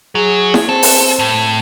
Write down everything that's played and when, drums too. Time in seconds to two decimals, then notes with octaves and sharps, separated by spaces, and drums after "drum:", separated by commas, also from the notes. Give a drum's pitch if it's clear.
0.15 F#3 G#4
0.54 drum: snare E4
0.69 C4 A4
0.83 drum: open hi-hat
1.19 A2